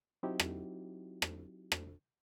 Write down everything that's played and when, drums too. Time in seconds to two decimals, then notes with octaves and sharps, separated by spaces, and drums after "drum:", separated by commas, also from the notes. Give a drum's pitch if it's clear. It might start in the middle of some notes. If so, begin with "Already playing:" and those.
0.23 F#3 C4 D#4 E4 F#4 G4
0.40 drum: rim click
1.22 drum: rim click
1.72 drum: rim click